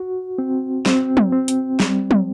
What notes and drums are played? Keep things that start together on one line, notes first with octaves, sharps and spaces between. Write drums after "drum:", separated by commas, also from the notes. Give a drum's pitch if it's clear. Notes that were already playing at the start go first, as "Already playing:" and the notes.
Already playing: F#4
C4
C4, drum: snare
drum: tom
C4
drum: hi-hat
G3, drum: snare
drum: tom